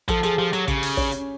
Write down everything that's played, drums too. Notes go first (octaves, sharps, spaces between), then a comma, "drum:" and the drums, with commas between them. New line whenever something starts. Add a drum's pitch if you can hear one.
F3 A4, drum: kick, hi-hat
F3 G#4, drum: hi-hat
F3 G4
F#3, drum: hi-hat
C#3, drum: kick, hi-hat
drum: open hi-hat
C#4, drum: kick, hi-hat
drum: hi-hat